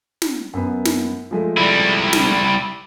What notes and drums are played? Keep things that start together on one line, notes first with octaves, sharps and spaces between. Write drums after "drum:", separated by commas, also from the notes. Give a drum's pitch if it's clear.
drum: snare
F#2 B3
drum: snare
F3 G#3 A3
G3 E4
drum: snare